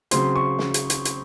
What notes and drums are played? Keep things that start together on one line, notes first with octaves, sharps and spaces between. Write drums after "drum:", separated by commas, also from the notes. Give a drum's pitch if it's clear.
C#3 F#3 C4 C6, drum: hi-hat
C#6
drum: snare
drum: hi-hat
drum: hi-hat
drum: hi-hat